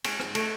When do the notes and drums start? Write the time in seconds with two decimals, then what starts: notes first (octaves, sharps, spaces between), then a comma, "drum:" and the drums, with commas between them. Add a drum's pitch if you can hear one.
0.04 G#2 C#4, drum: cymbal
0.19 G#2, drum: rim click
0.35 A3, drum: cymbal